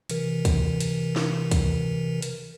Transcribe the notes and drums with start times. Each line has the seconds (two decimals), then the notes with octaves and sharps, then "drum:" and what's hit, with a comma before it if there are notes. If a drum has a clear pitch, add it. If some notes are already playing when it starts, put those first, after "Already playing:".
0.10 C3 E3 A#4, drum: hi-hat
0.45 drum: kick, hi-hat
0.80 drum: hi-hat
1.16 drum: snare
1.51 drum: kick, hi-hat
2.22 drum: hi-hat